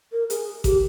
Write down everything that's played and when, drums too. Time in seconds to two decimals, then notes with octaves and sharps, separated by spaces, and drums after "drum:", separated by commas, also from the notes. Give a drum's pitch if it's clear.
0.12 A#4
0.30 G#4, drum: hi-hat
0.64 G4, drum: kick A1, hi-hat